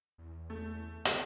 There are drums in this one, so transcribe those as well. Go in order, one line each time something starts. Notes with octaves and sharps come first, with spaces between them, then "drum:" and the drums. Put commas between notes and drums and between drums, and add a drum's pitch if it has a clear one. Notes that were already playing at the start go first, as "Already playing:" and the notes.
E2
A3
F2 G#3 A4, drum: hi-hat